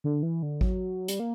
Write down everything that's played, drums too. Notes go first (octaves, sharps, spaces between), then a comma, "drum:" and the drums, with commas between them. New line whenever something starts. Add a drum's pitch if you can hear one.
D3
E3
D3
F#3, drum: kick G#1
G3, drum: hi-hat
A#3